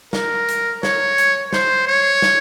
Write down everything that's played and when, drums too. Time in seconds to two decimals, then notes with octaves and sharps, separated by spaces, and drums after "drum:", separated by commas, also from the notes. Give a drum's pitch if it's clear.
0.13 A#4, drum: snare
0.48 drum: hi-hat
0.83 C#5, drum: snare
1.18 drum: hi-hat
1.53 C5, drum: snare
1.87 C#5
2.22 drum: snare